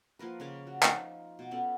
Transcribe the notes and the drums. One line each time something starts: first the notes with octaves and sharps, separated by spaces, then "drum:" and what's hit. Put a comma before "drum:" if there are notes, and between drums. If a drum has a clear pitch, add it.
F3 A#3 A#4 B4
C#3 A#4 C#5 D6
F#4
F3 D#4 F4, drum: clap
B2 D6
B3 C#4 G4 A4